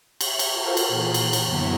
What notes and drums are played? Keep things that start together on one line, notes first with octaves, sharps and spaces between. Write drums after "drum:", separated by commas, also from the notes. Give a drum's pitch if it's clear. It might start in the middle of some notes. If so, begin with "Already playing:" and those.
E5 C#6, drum: cymbal
drum: cymbal
F4 F#4 A4 A#4 C5
drum: cymbal
A#2 E3 G#4
drum: cymbal
drum: cymbal
F#2 D3 F#3 B3 E4 F#4